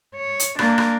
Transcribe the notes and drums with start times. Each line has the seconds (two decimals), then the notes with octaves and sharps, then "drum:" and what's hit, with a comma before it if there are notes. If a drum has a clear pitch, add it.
0.16 C#5
0.40 drum: hi-hat
0.59 A#3 D4, drum: rim click
0.78 drum: rim click